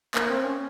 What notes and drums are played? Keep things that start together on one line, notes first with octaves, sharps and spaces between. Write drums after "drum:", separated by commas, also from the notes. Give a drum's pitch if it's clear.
A#3, drum: clap
C4
C#4